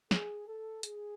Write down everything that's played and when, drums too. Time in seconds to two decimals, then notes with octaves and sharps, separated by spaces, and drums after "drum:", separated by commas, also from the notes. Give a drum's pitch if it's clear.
0.11 G#4, drum: snare
0.47 A4
0.83 G#4, drum: hi-hat